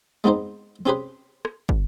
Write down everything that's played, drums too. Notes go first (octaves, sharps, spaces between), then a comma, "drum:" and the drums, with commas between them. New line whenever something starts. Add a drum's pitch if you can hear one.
G#3 B3 C4 D#4 C5
C4 C#4 G4 G#4 B4 C5
drum: rim click
drum: kick